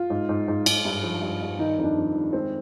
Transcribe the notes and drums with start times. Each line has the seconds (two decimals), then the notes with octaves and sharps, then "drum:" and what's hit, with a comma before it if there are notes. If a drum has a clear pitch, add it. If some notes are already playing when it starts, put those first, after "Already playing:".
Already playing: F4
0.10 G#2
0.29 G#2
0.48 G#2
0.66 G#2, drum: cymbal
0.85 G2
1.03 F3
1.22 G2
1.41 G2
1.59 D#3 D#4
1.78 F2 D#4
1.84 D4
1.97 F2
2.16 D#3
2.33 G#3 C4